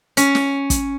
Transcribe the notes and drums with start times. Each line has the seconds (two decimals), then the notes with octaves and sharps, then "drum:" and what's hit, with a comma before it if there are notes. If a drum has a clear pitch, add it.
0.17 C#4, drum: hi-hat
0.35 drum: snare
0.70 drum: kick, hi-hat